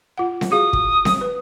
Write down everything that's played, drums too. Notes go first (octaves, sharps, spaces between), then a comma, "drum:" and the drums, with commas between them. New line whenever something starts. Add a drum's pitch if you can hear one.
F4 F#5
drum: snare C4
F#4 G#4 F5 D#6
drum: kick
drum: snare C4
B4